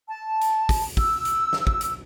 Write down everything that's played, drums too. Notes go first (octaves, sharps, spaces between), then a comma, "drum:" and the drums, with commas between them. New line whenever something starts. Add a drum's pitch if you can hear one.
A5
drum: hi-hat
drum: kick, open hi-hat
E6, drum: kick
drum: hi-hat
drum: snare
drum: kick
drum: hi-hat